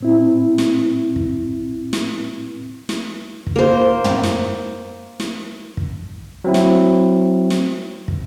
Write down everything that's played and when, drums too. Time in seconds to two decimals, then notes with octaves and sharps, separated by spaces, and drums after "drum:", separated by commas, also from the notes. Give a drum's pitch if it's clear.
0.01 A2 C4 E4
0.58 drum: snare
1.16 drum: kick
1.93 drum: snare
2.89 drum: snare
3.47 drum: kick
3.56 A#3 C5
4.04 drum: tom
4.23 drum: snare
5.20 drum: snare
5.77 drum: kick
6.44 F#3 C4 E4
6.54 drum: snare
7.50 drum: snare
8.08 drum: kick